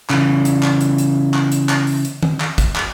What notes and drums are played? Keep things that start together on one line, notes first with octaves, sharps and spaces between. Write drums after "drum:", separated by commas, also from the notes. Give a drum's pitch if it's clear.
C#3 E3, drum: clap
drum: hi-hat
drum: clap
drum: hi-hat
drum: hi-hat
drum: clap
drum: hi-hat
drum: clap
drum: open hi-hat
drum: hi-hat
drum: tom D#3
drum: clap
drum: kick, hi-hat
drum: clap